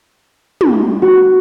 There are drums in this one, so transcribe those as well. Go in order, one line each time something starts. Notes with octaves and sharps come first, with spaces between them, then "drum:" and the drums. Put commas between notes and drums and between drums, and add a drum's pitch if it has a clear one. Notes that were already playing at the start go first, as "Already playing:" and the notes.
drum: tom
F#4